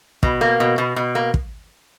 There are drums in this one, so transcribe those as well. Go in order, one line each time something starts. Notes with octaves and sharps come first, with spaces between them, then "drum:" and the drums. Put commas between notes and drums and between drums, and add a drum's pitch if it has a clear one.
B2, drum: kick
A#3
B2
B2
B2
A#3
drum: kick